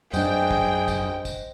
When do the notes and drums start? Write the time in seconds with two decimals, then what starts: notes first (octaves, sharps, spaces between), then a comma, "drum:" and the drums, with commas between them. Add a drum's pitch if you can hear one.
0.13 F#2 D4 G#4 C5 D#5 F#5 G5, drum: tambourine
0.51 drum: kick
0.88 drum: kick, tambourine
1.25 drum: kick, tambourine